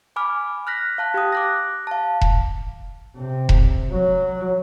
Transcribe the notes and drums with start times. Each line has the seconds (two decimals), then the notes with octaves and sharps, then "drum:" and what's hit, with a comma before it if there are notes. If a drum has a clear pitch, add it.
0.16 G#5 B5 D6 F6
0.67 F6 F#6 A#6 B6
0.98 F5 A5 F#6
1.14 G4 F5 D#6
1.33 D6 F#6 A#6
1.87 F5 A5
2.22 drum: kick E1
3.17 C3
3.49 drum: kick E1
3.91 F#3